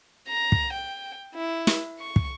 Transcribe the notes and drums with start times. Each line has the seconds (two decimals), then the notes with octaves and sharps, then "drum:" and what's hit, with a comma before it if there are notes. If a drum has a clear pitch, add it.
0.29 A#5
0.52 drum: kick
0.73 G5
1.35 E4
1.67 drum: snare
1.99 C#6
2.16 drum: kick